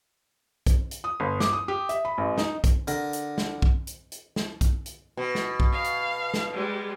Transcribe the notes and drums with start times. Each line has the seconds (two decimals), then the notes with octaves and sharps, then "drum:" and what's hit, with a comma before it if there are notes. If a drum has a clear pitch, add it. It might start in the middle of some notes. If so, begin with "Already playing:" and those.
0.66 drum: kick B1, hi-hat
0.91 drum: hi-hat
1.04 D#6
1.20 G1
1.40 D6, drum: snare
1.53 D#6
1.68 G4
1.89 E5, drum: hi-hat
2.05 B5
2.18 A1
2.38 D#4, drum: snare
2.64 drum: kick B1, hi-hat
2.88 D3 A#4, drum: hi-hat
3.13 drum: hi-hat
3.38 drum: snare
3.62 drum: kick B1
3.87 drum: hi-hat
4.12 drum: hi-hat
4.36 drum: snare
4.61 drum: kick B1, hi-hat
4.86 drum: hi-hat
5.17 B2
5.35 drum: snare
5.60 drum: kick B1
5.72 F5
5.84 drum: hi-hat
6.34 drum: snare
6.52 G3 G#3